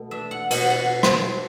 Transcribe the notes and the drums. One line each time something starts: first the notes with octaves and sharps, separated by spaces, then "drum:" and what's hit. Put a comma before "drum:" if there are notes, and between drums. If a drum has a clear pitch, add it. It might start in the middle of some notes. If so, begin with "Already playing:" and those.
Already playing: B2 A3 A4
D4 E5
F#5
B2 F#5, drum: cymbal
F#5
drum: rim click